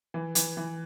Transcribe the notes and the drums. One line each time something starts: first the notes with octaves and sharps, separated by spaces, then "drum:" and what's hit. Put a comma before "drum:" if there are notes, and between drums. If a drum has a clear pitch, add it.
E3
E3, drum: hi-hat
E3